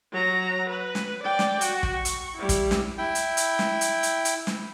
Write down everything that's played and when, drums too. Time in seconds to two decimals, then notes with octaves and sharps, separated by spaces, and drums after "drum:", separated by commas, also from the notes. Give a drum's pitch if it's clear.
0.12 F#3 A#5
0.69 B4
0.95 drum: snare
1.23 D5 G5
1.39 drum: snare
1.61 F#4, drum: hi-hat
1.83 drum: kick
1.94 C#6
2.05 drum: hi-hat
2.35 G3 E4
2.49 drum: kick, hi-hat
2.71 drum: snare
2.98 E4 G5
3.15 drum: hi-hat
3.37 drum: hi-hat
3.59 drum: snare
3.81 drum: hi-hat
4.03 drum: hi-hat
4.25 drum: hi-hat
4.47 drum: snare